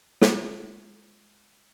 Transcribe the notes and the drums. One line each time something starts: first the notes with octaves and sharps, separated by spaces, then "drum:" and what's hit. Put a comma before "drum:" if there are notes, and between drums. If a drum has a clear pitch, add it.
G#3 F4 A4, drum: snare